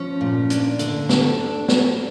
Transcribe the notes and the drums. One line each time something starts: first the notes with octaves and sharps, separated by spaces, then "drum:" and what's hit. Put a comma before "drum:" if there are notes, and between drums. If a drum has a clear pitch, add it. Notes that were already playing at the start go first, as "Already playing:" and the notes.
Already playing: F3 C#4
A#2
D4, drum: hi-hat
D3, drum: hi-hat
A4, drum: snare
D4
D4, drum: snare